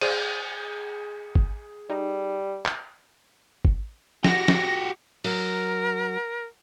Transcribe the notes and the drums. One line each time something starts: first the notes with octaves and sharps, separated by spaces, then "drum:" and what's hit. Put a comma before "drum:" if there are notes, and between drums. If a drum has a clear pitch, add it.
G#4 C5 D5 F5 D#7, drum: cymbal
drum: kick
G3 D#4
drum: clap
drum: kick
F#4 G4 A#6, drum: snare
drum: snare
F#3 A#4, drum: open hi-hat